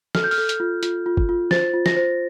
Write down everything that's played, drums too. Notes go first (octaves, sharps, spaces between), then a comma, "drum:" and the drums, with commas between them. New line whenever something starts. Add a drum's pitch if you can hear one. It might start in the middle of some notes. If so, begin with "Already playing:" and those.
A4 F6, drum: snare
G6
F6, drum: open hi-hat
A4
drum: hi-hat
F4
F4, drum: hi-hat
F4
drum: kick
F4
C5 A6, drum: snare
F4
A#6, drum: snare
C5